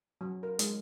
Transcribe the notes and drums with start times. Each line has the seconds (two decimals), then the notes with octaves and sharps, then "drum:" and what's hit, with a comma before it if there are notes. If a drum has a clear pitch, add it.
0.21 F#3
0.43 A#4
0.59 G#3, drum: hi-hat